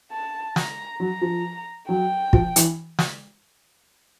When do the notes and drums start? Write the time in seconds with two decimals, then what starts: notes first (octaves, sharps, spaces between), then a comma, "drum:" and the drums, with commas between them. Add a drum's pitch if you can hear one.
0.12 A5
0.56 A#5, drum: snare
1.00 F#3 A#5
1.21 F3
1.88 F#3 G5
2.33 F3, drum: kick
2.56 E3, drum: hi-hat
2.99 drum: snare